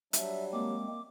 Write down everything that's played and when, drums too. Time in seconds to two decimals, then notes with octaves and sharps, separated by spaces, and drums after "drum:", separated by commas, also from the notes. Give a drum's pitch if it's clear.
0.13 F#3 G3 D4 E5, drum: hi-hat
0.53 G#3 A#3 C4 D6